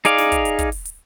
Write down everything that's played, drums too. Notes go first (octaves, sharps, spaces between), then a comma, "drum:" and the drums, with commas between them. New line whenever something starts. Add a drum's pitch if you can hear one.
D#4 G#4 D5 F5, drum: hi-hat
drum: snare
drum: kick, hi-hat
drum: hi-hat
drum: kick, hi-hat
drum: open hi-hat
drum: hi-hat